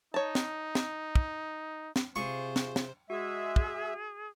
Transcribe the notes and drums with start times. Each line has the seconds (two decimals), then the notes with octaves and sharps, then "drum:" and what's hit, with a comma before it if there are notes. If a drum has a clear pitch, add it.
0.14 D#4 C#5 A5
0.35 drum: snare
0.75 drum: snare
1.15 drum: kick
1.96 drum: snare
2.16 C3 F4 G#4 C5 C#6
2.56 drum: snare
2.76 drum: snare
3.10 G#3 F#4 G#4 E5
3.56 drum: kick